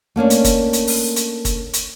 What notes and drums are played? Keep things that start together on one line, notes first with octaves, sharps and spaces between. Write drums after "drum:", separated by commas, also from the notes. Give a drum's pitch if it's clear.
A3 A#3 C#4 D4
drum: hi-hat
drum: kick, hi-hat
drum: hi-hat
drum: open hi-hat
drum: hi-hat
drum: kick, hi-hat
drum: hi-hat